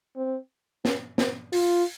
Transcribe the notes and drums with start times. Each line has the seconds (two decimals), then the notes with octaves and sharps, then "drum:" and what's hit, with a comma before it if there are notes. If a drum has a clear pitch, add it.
0.16 C4
0.85 C#4, drum: snare
1.18 C4, drum: snare
1.53 F4, drum: open hi-hat